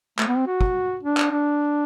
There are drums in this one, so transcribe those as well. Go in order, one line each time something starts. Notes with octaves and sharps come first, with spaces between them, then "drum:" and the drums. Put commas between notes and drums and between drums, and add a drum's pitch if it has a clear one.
A3, drum: clap
B3
C4
F#4
drum: kick
D4
drum: clap
D4